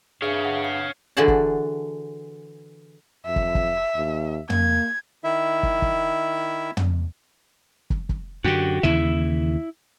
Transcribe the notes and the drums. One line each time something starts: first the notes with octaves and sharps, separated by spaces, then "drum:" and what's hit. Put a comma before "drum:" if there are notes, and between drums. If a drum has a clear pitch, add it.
G2 G#4 C#5 E5 F5 C#7
F#5
C7
D3 E3 F#4 G#4 F#5 A5
drum: kick
F2 E5
drum: kick
drum: kick
D#2
A#3 G#6, drum: tom
D#3 E4 E5
drum: kick
drum: kick
drum: tom
drum: kick
drum: kick
F#2 D3 F#4 G4
D#2 C#3 E3 E4 E5